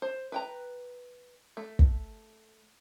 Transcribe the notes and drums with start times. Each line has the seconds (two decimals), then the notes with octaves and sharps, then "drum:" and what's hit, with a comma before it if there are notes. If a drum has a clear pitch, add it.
0.02 C5
0.32 B4 G5 A#5
1.57 A3
1.79 drum: kick